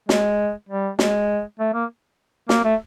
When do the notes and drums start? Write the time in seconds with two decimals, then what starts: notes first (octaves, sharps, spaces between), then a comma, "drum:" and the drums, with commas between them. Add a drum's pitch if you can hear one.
0.09 G#3, drum: snare
0.69 G3
0.99 G#3, drum: snare
1.60 A3
1.74 A#3
2.49 A#3, drum: snare
2.65 A3